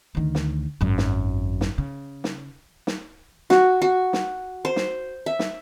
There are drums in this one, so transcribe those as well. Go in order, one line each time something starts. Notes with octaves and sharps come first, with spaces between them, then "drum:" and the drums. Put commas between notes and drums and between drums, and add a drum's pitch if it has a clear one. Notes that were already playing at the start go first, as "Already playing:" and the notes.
D2 D#3
drum: snare
G#1 F#2
drum: snare
drum: snare
C#3
drum: snare
drum: snare
F#4, drum: snare
F#4
drum: snare
C5
drum: snare
E5
drum: snare